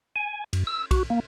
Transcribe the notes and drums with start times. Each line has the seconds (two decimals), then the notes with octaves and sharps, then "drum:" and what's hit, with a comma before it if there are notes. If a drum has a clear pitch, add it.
0.16 G#5
0.53 F#2, drum: cymbal
0.67 E6
0.91 F#4, drum: kick, cymbal
1.10 A#3